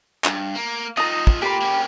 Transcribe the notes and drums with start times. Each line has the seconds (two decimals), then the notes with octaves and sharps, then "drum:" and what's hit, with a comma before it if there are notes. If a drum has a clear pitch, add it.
0.24 G2, drum: clap
0.55 A#3
0.97 D#4 F4 D#5 A#5
1.27 drum: kick
1.42 A#3 F4 G4 B5
1.62 A#3 C#4